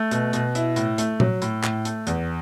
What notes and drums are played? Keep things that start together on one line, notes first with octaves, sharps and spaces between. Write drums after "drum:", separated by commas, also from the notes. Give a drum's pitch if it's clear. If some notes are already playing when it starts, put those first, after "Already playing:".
Already playing: A3
B2, drum: hi-hat
B2, drum: hi-hat
E4, drum: hi-hat
A2, drum: hi-hat
A3, drum: hi-hat
F#3, drum: tom A#2
A2, drum: hi-hat
A2, drum: clap
A3, drum: hi-hat
E2, drum: hi-hat